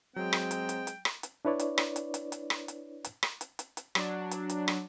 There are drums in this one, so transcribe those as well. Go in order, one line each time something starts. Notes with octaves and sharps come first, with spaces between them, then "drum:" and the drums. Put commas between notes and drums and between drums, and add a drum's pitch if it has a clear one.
F#3 G#3 C4 G5
drum: rim click
drum: hi-hat
drum: hi-hat
drum: hi-hat
drum: rim click
drum: hi-hat
D4 E4 B4 C#5 D5
drum: hi-hat
drum: rim click
drum: hi-hat
drum: hi-hat
drum: hi-hat
drum: rim click
drum: hi-hat
drum: hi-hat
drum: rim click
drum: hi-hat
drum: hi-hat
drum: hi-hat
F#3 D4, drum: rim click
drum: hi-hat
drum: hi-hat
drum: rim click